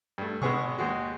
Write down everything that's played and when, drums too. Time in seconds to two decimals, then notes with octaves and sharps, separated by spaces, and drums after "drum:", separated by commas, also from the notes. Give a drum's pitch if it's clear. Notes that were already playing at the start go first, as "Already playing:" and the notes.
0.18 G2 A3
0.42 G#1 G#3 B3 G#4 C#6, drum: tom B2
0.78 D#2 G#3 F#4